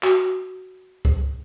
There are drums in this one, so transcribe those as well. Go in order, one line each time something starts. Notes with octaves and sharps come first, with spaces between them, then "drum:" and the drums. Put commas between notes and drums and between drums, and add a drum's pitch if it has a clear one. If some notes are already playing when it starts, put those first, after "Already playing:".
F#4, drum: clap
drum: kick C#2